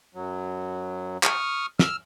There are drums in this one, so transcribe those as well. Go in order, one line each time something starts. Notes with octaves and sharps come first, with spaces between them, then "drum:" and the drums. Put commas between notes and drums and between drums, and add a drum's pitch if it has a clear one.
F#2 F#3
C#6 D#6 F6, drum: clap
E6 F6, drum: snare